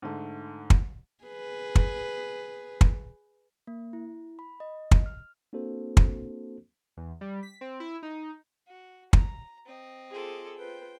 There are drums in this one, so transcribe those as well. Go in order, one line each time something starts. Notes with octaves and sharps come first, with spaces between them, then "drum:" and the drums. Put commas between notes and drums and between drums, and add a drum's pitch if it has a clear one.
G#2 D3 A3
drum: kick
G#4 B4
drum: kick
drum: kick
A#3
E4
B5
D#5
drum: kick
F6
A#3 C4 D4 F#4 A4 C5
drum: kick
E2
G3
B6
C4
E4
D#4
F#4
A#5, drum: kick
C4 D#5
F4 G#4 A4 C5 D6
F4 B4 C5 G5